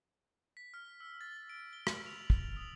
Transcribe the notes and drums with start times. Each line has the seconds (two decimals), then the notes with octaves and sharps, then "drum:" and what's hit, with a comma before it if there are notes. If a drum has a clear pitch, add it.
0.57 B6
0.74 F6
1.00 E6
1.21 A6
1.37 A6
1.49 D7
1.73 G7
1.87 F#7, drum: rim click
2.06 F7
2.30 F#7, drum: kick
2.57 D#6